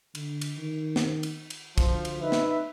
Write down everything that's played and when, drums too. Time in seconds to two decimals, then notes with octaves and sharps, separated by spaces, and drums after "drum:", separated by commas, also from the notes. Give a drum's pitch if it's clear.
0.15 D3, drum: cymbal
0.41 drum: cymbal
0.58 D#3
0.96 drum: snare
1.23 drum: cymbal
1.50 drum: cymbal
1.78 D2 F3, drum: kick, cymbal
2.05 drum: cymbal
2.21 D#4 B4 E5
2.32 drum: snare